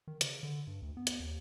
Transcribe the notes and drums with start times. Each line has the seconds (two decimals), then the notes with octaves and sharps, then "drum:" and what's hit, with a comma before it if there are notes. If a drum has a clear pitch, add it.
0.08 D#3
0.21 C#3, drum: hi-hat
0.43 D3
0.67 G2
0.82 D2
0.97 B3
1.07 drum: hi-hat
1.20 D#2